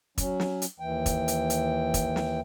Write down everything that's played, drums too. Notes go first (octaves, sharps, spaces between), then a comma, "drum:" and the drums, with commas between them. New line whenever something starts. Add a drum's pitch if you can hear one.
F#3 C#4, drum: kick, hi-hat
drum: snare
drum: hi-hat
D#2 E3 G5
drum: kick, hi-hat
drum: hi-hat
drum: hi-hat
drum: kick, hi-hat
drum: snare